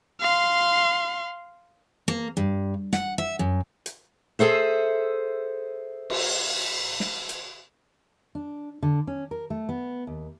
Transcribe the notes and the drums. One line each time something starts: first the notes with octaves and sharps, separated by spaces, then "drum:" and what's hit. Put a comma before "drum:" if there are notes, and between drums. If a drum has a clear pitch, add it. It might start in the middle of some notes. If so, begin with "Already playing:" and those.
F5 C6
A#3
G2
F#5, drum: snare
E5
F#2
drum: hi-hat
G#4 A4 C5 E5
drum: cymbal
drum: snare
drum: hi-hat
D4
D3
C#4
A#4
A3
B3
D#2